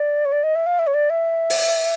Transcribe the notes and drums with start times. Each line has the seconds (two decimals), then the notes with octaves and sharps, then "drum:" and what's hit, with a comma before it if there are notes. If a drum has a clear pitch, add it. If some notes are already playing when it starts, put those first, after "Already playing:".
Already playing: D5
0.25 C#5
0.32 D5
0.43 D#5
0.55 E5
0.66 F5
0.79 E5
0.87 C#5
0.94 D5
1.10 E5
1.50 drum: open hi-hat